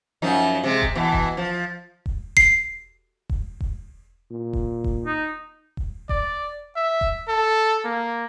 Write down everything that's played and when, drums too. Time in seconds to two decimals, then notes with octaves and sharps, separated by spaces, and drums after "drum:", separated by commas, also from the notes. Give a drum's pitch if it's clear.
0.22 F#2 F3 D#4
0.64 C3 G#3
0.82 drum: kick E1
0.95 B2 E3
1.13 drum: kick E1
1.37 F3
2.06 drum: kick E1
2.37 C7, drum: kick E1
3.30 drum: kick E1
3.60 drum: kick E1
4.31 A#2
4.53 drum: kick E1
4.84 drum: kick E1
5.06 D#4
5.77 drum: kick E1
6.09 D5, drum: kick E1
6.76 E5
7.01 drum: kick E1
7.28 A4
7.85 A#3